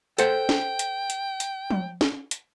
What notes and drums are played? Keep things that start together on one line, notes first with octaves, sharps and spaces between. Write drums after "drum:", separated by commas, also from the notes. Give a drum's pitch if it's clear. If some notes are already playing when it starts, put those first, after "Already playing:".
A4 C5 F#5 G5, drum: hi-hat
drum: snare
drum: hi-hat
drum: hi-hat
drum: hi-hat
drum: tom F3
drum: snare
drum: hi-hat